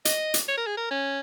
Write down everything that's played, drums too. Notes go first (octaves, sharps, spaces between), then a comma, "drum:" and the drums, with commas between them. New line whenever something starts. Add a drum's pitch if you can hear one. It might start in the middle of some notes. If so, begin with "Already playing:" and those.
D#5, drum: hi-hat
drum: hi-hat
C#5
A#4
G#4
A#4
C#4